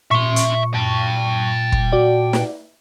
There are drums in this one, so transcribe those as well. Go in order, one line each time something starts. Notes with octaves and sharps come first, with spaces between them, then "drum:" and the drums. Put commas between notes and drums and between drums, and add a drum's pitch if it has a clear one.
A#2 E5 C6 C#6
drum: hi-hat
G5 A5
drum: kick
F#4 D5
drum: snare